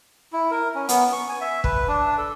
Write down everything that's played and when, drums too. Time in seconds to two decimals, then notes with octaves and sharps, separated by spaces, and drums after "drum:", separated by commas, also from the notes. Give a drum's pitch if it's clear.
0.33 E4
0.51 A#4
0.75 C#4
0.89 B3, drum: hi-hat
1.13 C#6
1.29 G#5
1.41 E5
1.64 B4, drum: kick
1.88 D4
2.18 A4